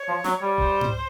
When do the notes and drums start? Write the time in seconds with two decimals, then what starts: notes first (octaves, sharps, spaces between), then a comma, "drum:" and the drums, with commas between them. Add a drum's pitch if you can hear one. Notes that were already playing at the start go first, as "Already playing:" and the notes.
Already playing: C#5
0.08 F3
0.24 F#3, drum: snare
0.41 G3
0.58 C5, drum: kick D#1
0.81 drum: tom G#2